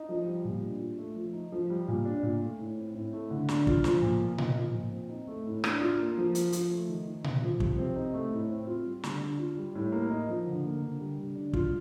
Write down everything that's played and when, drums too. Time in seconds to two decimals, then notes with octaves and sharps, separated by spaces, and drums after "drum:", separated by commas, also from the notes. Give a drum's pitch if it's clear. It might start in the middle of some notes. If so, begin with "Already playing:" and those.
Already playing: D#4
0.09 F3
0.26 G3
0.45 A#2
0.62 D4
0.80 F4
0.98 A3
1.16 F3
1.33 D#4
1.52 F3
1.70 G3
1.88 A#2
2.05 D4
2.23 A#2
2.41 A3
2.59 A2
2.77 C4
2.95 A2
3.13 A3
3.31 D3
3.49 D4, drum: snare
3.67 F4, drum: kick
3.84 F3, drum: snare
4.02 A#2
4.20 A#3
4.38 D#4, drum: tom A#2
4.56 F3
4.74 A#2
4.92 C4
5.09 D#4
5.27 A3
5.45 A2
5.64 D4, drum: rim click
5.81 F4
5.98 A#3
6.17 F3
6.35 F4, drum: hi-hat
6.52 F3, drum: hi-hat
6.71 A3
6.88 D#3
7.07 D#4
7.24 D#3, drum: tom A#2
7.42 F3
7.60 C3, drum: kick
7.78 C4
7.96 D#4
8.14 A3
8.32 A2
8.49 C4
8.67 F4
8.85 G3
9.03 D3, drum: snare
9.21 D4
9.39 F4
9.57 G3
9.75 A2
9.92 A#3
10.10 D#4
10.28 F3
10.47 D3
10.64 A#3
10.82 D3
11.00 G3
11.18 D3
11.35 D4
11.53 F4, drum: kick